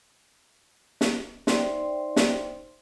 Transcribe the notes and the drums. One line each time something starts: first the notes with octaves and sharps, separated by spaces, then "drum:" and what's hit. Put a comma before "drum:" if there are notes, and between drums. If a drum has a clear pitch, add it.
drum: snare
D#4 C5 D5 E5 G5 C6, drum: snare
drum: snare